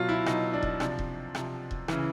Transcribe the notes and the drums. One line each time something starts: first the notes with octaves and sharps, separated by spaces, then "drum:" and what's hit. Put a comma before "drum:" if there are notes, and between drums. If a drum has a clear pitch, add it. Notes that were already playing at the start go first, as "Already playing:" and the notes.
Already playing: B2 F#3 F4
E4
B2 F#3 D#4, drum: rim click
D4
drum: kick E1
C3 F3 D4, drum: rim click
drum: kick E1
C3 F3, drum: rim click
drum: kick E1
C#3 E3, drum: rim click